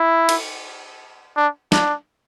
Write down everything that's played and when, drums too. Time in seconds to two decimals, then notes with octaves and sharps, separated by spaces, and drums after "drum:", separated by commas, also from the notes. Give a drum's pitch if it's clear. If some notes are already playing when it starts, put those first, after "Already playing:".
Already playing: E4
0.29 drum: cymbal
1.36 D4
1.72 D4, drum: snare